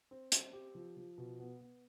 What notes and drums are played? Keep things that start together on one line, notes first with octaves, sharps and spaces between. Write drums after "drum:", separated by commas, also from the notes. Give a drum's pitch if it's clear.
C4
C4, drum: hi-hat
G4
F3
F3
B2
B3
B3